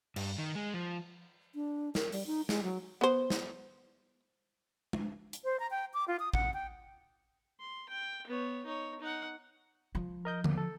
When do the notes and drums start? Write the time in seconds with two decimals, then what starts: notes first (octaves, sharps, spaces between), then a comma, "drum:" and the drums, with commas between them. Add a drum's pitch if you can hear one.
0.16 G2, drum: cymbal
0.38 D#3
0.55 G#3
0.74 F3
1.55 D4
1.95 A#4, drum: snare
2.12 G3, drum: open hi-hat
2.27 D#4
2.49 G#3, drum: snare
2.63 F#3
3.01 B3 C5
3.30 drum: snare
4.93 drum: tom G#3
5.33 drum: hi-hat
5.44 C5
5.60 A#5
5.71 G5
5.94 D6
6.08 F4
6.20 D#6
6.33 F#5, drum: kick
6.54 G5
7.60 C6
7.89 G5
8.27 B3 C#5
8.65 D#4 C#5
9.00 D#4 F#5
9.95 F3
10.25 A#4 D#5 G6
10.44 D#2 A#3, drum: tom D3
10.58 A4